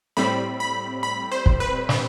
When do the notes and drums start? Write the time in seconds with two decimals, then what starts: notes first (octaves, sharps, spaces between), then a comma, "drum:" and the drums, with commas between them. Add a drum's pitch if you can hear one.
0.17 A2 G3 C4 B5
0.60 B5
1.03 B5
1.32 C5
1.46 drum: kick
1.60 B4
1.89 drum: snare